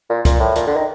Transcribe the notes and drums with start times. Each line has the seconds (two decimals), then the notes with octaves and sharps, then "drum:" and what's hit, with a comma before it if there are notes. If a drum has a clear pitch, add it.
0.09 A#2
0.25 A#2, drum: kick C#2, hi-hat
0.40 A2
0.56 A#2, drum: hi-hat
0.67 D3
0.77 D#3